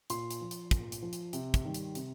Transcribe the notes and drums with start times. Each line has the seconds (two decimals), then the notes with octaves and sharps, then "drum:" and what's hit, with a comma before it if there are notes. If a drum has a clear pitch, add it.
0.10 A#2 C6, drum: hi-hat
0.31 drum: hi-hat
0.41 F3
0.51 drum: hi-hat
0.71 A#2, drum: kick, hi-hat
0.92 drum: hi-hat
1.02 F3
1.13 drum: hi-hat
1.33 C3, drum: hi-hat
1.54 drum: kick, hi-hat
1.65 D#3 G3
1.74 drum: hi-hat
1.95 C3, drum: hi-hat